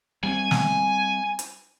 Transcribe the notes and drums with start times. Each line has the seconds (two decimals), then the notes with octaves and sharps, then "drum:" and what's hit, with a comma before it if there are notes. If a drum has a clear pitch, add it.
0.23 G3 C4 G#5
0.51 drum: snare
1.39 drum: hi-hat